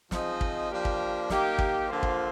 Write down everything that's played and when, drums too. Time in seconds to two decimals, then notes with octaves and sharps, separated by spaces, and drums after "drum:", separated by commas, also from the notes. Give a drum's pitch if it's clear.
0.11 F3 C4 D#4 G#4 D#5, drum: snare
0.41 drum: kick
0.70 F3 A#3 D4 G4
0.85 drum: kick
1.30 A#3 D#4 G4, drum: snare
1.58 drum: kick
1.88 D3 F3 A#3 F4 C5
2.03 drum: kick